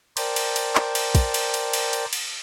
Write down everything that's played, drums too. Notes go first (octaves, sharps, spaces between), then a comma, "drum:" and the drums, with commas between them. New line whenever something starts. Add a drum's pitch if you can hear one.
A#4 C5 D5 G5 A5, drum: cymbal
drum: cymbal
drum: cymbal
drum: clap
drum: cymbal
drum: kick, cymbal
drum: cymbal
drum: cymbal
drum: cymbal
drum: cymbal
drum: cymbal